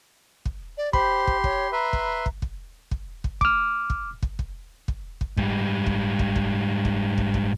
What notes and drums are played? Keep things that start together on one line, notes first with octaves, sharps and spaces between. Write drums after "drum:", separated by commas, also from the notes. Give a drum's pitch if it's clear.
drum: kick
D5
G4 C5 B5 C6, drum: kick
drum: kick
C#5, drum: kick
B4 E5 A#5 C6
drum: kick
drum: kick
drum: kick
drum: kick
drum: kick
D6 F6, drum: kick
drum: kick
drum: kick
drum: kick
drum: kick
drum: kick
G#2 G3, drum: kick
drum: kick
drum: kick
drum: kick
drum: kick
drum: kick
drum: kick